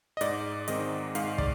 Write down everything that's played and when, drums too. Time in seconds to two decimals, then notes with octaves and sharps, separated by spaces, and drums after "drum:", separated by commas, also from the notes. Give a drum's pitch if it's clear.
0.17 D#5
0.21 G#2 D5, drum: hi-hat
0.68 D#3 G#3 C4 D#5, drum: hi-hat
1.15 G#2 F5, drum: hi-hat
1.38 D5, drum: kick